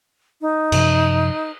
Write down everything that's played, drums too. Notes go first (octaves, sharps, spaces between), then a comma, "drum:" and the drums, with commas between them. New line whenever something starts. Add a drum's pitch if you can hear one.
D#4
F#2 C3 F3, drum: cymbal